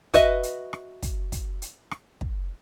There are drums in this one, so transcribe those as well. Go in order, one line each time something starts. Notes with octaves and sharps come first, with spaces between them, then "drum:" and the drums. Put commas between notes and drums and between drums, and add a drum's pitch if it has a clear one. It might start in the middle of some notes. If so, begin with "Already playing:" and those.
F#4 B4 D#5 E5, drum: kick, hi-hat
drum: hi-hat
drum: rim click
drum: kick, hi-hat
drum: kick, hi-hat
drum: hi-hat
drum: rim click
drum: kick